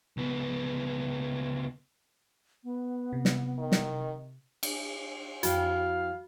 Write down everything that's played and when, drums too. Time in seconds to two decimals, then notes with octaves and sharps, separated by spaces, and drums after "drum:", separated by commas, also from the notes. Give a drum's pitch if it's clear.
0.17 C#2 B3
2.64 B3
3.13 C3
3.25 drum: snare
3.58 D#3
3.72 drum: snare
4.63 drum: cymbal
5.43 F2 E4 F#4 F5 G5, drum: hi-hat